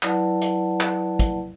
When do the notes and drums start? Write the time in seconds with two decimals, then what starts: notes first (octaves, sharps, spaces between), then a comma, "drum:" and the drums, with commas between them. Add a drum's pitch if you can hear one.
0.03 F#3 E4 B4 D5 F#5 A5, drum: clap
0.42 drum: hi-hat
0.81 drum: clap
1.19 drum: kick, hi-hat